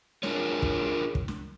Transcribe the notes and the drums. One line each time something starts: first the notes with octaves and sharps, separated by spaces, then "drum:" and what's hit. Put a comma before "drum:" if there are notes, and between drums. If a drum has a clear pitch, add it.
D4 F4 G#4 A#4 C#5, drum: snare
drum: kick
drum: kick
drum: snare